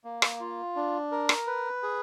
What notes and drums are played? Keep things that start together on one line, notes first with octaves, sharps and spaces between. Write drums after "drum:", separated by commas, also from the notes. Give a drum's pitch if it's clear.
A#3
drum: rim click
F4
D4
A#4
drum: rim click
B4
G#4